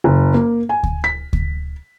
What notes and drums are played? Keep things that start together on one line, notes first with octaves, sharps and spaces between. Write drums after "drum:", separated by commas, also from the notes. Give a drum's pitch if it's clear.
F#1
A#3
G#5
drum: kick D2
B6
drum: kick D2